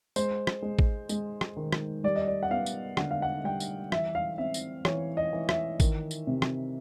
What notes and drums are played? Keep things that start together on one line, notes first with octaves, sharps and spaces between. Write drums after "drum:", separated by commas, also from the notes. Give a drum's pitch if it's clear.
G#3 C5, drum: tambourine
drum: rim click
G#3
drum: kick
G#3, drum: tambourine
drum: rim click
D#3
drum: rim click
G3 D5
D#5
D5
F#5
B3 F5
drum: tambourine
D3 F#5, drum: rim click
F5
F#5
G3 G5
drum: tambourine
E3 E5, drum: rim click
F5
C4 E5
drum: tambourine
E3 C#5, drum: rim click
D#5
E3
E5, drum: rim click
D#3, drum: kick, tambourine
drum: tambourine
C3
drum: rim click